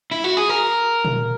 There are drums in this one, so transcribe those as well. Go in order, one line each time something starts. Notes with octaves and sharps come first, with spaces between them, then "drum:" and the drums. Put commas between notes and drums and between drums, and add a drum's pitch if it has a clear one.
E4
F#4
G#4
A#4
drum: tom